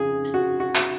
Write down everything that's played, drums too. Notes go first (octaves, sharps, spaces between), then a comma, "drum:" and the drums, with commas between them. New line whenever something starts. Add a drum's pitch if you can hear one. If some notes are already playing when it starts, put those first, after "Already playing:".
Already playing: F2 C#3 G#4
drum: hi-hat
F#4
F#4
drum: clap